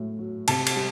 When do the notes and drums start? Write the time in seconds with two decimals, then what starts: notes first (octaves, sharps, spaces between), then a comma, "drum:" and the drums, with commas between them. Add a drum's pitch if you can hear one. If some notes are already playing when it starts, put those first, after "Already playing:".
Already playing: A2 F#3
0.19 F#3
0.48 C3 A5, drum: cymbal
0.67 drum: cymbal
0.76 G3